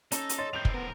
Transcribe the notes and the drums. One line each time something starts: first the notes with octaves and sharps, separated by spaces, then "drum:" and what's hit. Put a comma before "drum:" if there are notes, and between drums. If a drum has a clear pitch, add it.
C#4 D#4 A4, drum: hi-hat
drum: hi-hat
C#5 D#5 C6 A6
A2 D#3 E3 C4 G6 F7
drum: kick
B3 A#4